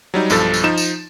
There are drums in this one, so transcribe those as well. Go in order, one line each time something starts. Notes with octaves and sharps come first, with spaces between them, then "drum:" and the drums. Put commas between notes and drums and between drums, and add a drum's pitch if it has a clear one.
F#3 G3 D#4
B1 G2 F3 A4 A6, drum: tambourine
drum: tambourine
F3 D#4 E7
drum: tambourine